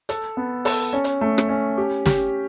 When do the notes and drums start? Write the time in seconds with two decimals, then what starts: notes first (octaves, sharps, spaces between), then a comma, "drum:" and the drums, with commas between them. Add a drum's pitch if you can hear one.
0.09 A4, drum: hi-hat
0.37 B3
0.65 A4, drum: open hi-hat
0.93 C#4
1.04 drum: hi-hat
1.21 A3
1.38 drum: rim click
1.49 C#4
1.78 G4
2.06 G4, drum: snare